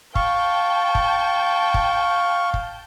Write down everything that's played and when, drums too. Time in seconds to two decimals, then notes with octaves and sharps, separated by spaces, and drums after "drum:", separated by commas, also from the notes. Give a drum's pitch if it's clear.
0.15 F5 G5 A5 C#6 G6, drum: kick
0.95 drum: kick
1.74 drum: kick
2.54 drum: kick